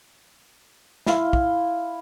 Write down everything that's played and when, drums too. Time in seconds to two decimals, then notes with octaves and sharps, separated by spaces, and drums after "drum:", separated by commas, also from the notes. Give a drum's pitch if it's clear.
1.06 E4 F5 C6, drum: snare
1.33 drum: kick